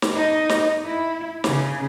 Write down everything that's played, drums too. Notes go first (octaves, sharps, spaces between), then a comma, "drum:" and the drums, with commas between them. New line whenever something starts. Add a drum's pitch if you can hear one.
drum: snare
D#4 D#5
drum: snare
E4
C#3, drum: snare